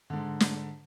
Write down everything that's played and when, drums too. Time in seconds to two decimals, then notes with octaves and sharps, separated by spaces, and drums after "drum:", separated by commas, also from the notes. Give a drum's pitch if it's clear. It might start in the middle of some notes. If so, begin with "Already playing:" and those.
0.10 G#2 D3
0.40 drum: snare